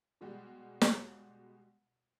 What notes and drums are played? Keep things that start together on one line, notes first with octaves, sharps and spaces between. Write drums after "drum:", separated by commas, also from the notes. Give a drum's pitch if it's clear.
B2 G3 G#3 F#4 G4
drum: snare